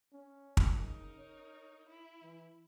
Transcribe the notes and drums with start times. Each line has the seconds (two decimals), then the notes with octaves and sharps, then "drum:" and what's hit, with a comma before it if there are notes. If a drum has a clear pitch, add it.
0.13 C#4
0.57 drum: kick
0.76 C#3 D#4 A#4
1.18 C#5
1.89 E4
2.23 E3